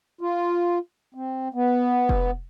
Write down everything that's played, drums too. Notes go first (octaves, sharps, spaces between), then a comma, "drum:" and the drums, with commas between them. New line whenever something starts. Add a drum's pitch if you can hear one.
F4
C4
B3
drum: kick